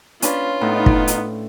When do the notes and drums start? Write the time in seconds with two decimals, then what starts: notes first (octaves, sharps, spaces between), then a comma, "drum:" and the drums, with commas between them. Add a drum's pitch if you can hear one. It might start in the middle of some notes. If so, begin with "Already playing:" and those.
0.22 C#4 D4 F4 B4, drum: hi-hat
0.61 A2 B3 D#4
0.86 drum: kick
1.08 drum: hi-hat